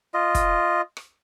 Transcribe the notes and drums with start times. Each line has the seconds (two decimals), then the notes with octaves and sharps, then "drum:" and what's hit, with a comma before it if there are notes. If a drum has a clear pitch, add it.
0.14 F4 D#5
0.35 drum: kick, hi-hat
0.97 drum: rim click